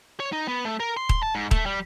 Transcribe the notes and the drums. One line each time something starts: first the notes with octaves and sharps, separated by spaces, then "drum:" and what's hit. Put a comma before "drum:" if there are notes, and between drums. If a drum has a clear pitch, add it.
C#5
D#4
B3
A3
A#4
C6
drum: kick D#1
A5
G#2
A3, drum: kick D#1
G3